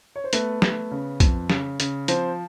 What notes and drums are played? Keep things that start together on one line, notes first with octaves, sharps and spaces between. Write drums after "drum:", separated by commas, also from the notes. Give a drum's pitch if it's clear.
C#5
C5
A3 B3 B4, drum: hi-hat
A3, drum: snare
C#3
F2, drum: kick, hi-hat
C#3, drum: snare
C#3, drum: hi-hat
F3 C4 C5, drum: hi-hat